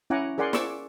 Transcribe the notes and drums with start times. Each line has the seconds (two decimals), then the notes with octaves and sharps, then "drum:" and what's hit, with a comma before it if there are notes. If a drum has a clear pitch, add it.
0.10 C#4 E4 F#5 G#5 A#5 D6
0.38 G#4 A#4 D5 F#5 G#5 C6
0.53 D5 C#6 D6 E6, drum: snare